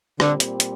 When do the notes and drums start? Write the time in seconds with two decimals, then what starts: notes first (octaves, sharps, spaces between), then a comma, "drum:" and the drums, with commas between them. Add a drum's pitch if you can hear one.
0.20 A#2 D3 G3 C4, drum: rim click
0.40 drum: hi-hat
0.60 drum: hi-hat